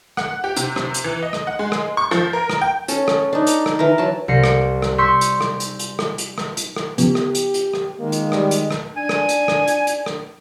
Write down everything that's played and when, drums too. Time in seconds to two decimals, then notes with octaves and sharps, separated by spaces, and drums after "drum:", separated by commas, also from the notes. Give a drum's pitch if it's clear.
0.17 F#5, drum: rim click
0.44 G4
0.56 C3, drum: hi-hat
0.76 C3, drum: rim click
0.94 drum: hi-hat
1.04 E3
1.23 D#5
1.33 drum: rim click
1.47 F#5
1.59 G#3
1.72 drum: rim click
1.97 C#6
2.11 F3, drum: rim click
2.33 A#4
2.50 drum: rim click
2.61 G5
2.88 C#4 A4, drum: hi-hat
3.08 drum: rim click
3.33 D4 D#4
3.47 drum: hi-hat
3.66 drum: rim click
3.79 E3 A#4 A#5
3.98 F#3 A5
4.28 C2 A#6 C7 C#7
4.44 drum: rim click
4.82 drum: rim click
4.98 C6 C#6 E6 G6 B6 C#7
5.21 drum: hi-hat
5.41 drum: rim click
5.60 drum: hi-hat
5.79 drum: hi-hat
5.99 drum: rim click
6.18 drum: hi-hat
6.38 drum: rim click
6.57 drum: hi-hat
6.76 drum: rim click
6.98 C#3 F3 B3 G4, drum: hi-hat
7.15 drum: rim click
7.35 drum: hi-hat
7.54 drum: hi-hat
7.74 drum: rim click
7.99 D#3 G#3 A#3
8.12 drum: hi-hat
8.32 G3, drum: rim click
8.51 drum: hi-hat
8.71 drum: rim click
8.97 D4 G#5
9.09 drum: rim click
9.29 drum: hi-hat
9.48 drum: rim click
9.68 drum: hi-hat
9.87 drum: hi-hat
10.06 drum: rim click